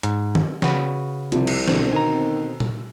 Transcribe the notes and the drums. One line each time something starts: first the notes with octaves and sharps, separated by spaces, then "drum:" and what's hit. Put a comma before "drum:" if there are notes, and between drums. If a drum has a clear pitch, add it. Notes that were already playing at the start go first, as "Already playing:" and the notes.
G#2, drum: hi-hat
drum: tom D#3
C#3 F#4 B4, drum: snare
C2 C3 F3, drum: hi-hat
drum: cymbal
B2 D3 C4, drum: snare
D#3 G#5 A#5
drum: tom A#2